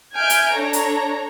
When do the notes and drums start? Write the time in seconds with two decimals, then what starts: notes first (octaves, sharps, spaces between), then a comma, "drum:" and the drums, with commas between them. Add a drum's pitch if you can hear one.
0.17 E5 G#5 F6 G6 G#6 D7
0.30 drum: hi-hat
0.51 D4 A4 C#5 A#5
0.73 drum: hi-hat